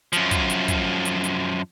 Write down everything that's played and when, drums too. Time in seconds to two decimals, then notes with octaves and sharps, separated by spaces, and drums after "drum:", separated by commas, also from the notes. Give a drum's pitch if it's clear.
0.13 F#2 F3, drum: hi-hat
0.31 drum: kick, hi-hat
0.50 drum: hi-hat
0.68 drum: kick, hi-hat
1.05 drum: hi-hat
1.24 drum: hi-hat